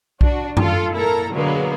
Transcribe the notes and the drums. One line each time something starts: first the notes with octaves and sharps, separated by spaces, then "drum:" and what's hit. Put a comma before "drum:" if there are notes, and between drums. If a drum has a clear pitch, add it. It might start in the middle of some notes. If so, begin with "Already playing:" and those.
D4 F#4, drum: kick B1
F4 A4, drum: tom F#2
A#2 E4 A4 A#4 A#5
B2 D3 F#3 G#3 A#3 B3